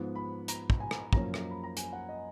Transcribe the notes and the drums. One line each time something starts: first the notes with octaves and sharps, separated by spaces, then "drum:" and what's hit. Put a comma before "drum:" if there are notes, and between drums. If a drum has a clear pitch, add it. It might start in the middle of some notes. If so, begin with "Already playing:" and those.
Already playing: G#2 F3 B3
B5
A#5, drum: hi-hat
drum: kick
G#5
drum: rim click
F#2 F3 A#3 C#4 A#5, drum: kick
drum: rim click
B5
A#5
G#5, drum: hi-hat
F#5
D#5